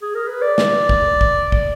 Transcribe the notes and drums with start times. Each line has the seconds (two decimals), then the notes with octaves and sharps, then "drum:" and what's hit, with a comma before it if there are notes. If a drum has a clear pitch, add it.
0.02 G#4
0.15 A#4
0.28 B4
0.42 D5
0.58 drum: snare
0.89 drum: kick
1.21 drum: kick
1.52 drum: kick